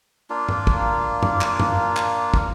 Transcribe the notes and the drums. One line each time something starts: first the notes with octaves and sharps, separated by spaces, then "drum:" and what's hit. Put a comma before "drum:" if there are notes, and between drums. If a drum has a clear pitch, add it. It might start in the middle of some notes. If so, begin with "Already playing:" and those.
A#3 D4 F4
drum: tom G2
drum: kick
drum: tom F#2
drum: clap
drum: tom F#2
drum: clap
drum: kick